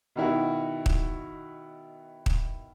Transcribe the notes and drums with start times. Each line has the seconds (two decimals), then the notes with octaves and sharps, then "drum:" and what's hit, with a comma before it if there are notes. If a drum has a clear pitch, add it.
0.16 B2 D#3 E4 F#4
0.86 drum: kick
2.26 drum: kick